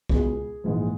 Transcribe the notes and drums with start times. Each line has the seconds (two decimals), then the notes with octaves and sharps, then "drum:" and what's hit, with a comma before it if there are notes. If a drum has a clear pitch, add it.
0.09 C#2 B2 G#4, drum: kick B1
0.64 A#1 G#2 E3